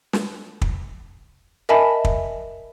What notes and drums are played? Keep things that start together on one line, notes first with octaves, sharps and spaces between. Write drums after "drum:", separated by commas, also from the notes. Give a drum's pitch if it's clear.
drum: snare
drum: kick
A#4 D#5 E5 G#5 A5 B5
drum: kick